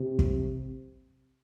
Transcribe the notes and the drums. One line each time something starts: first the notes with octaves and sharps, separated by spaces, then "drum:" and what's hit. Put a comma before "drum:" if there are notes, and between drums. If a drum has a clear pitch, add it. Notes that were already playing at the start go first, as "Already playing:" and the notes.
Already playing: C3
drum: kick